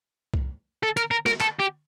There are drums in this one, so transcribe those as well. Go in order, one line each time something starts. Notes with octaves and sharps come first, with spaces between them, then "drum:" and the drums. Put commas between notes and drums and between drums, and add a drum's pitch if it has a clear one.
drum: kick C2
A4
A#4, drum: hi-hat
A#4
A#4, drum: snare
A4, drum: clap
G4